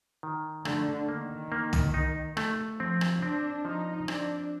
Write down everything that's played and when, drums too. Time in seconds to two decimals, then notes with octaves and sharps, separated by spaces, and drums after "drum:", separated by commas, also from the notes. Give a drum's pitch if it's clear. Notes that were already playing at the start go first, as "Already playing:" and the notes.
0.23 D#3
0.65 D3 A3, drum: rim click
1.08 D#3 A#3
1.52 A#3
1.73 drum: tom
1.94 D#4
2.37 A3, drum: rim click
2.80 F3 C4
3.01 drum: rim click
3.22 C4 D4
3.65 F3 D#4
4.08 C4 D4, drum: rim click